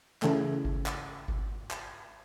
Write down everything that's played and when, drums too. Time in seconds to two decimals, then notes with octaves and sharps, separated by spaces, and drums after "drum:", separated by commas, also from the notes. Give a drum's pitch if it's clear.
0.22 C#3 E3 A3, drum: clap
0.65 drum: kick G1
0.86 drum: clap
1.28 drum: kick G1
1.71 drum: clap